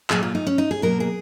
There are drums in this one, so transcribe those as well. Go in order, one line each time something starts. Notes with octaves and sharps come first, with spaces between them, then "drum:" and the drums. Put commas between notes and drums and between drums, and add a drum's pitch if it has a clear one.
A#2 F#3 A#3 G#4, drum: clap
F4
D#4
C#4
D#4
G#4
B2 F#3 A#3 A#4
G#4